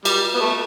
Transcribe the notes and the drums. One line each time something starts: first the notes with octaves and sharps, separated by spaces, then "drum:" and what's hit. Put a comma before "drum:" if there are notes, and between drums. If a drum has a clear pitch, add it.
G3, drum: cymbal
B3
A3